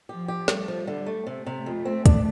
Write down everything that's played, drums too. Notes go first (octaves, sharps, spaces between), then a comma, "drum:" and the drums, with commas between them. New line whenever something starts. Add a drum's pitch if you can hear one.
F3 G4
G4
G3 A3, drum: snare
F3
D3
A3
C3 A3
C3
F2
C4
D4, drum: kick, hi-hat